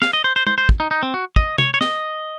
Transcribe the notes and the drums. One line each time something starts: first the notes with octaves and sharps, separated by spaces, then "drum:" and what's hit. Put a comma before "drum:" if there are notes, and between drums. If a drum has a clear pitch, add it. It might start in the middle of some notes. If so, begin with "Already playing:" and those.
F5, drum: snare
D#5
C5
C5
C5, drum: tom
C5
drum: kick
D#4
D#4
C4
F#4
D#5, drum: kick
C#5, drum: tom
C#5
D#5, drum: snare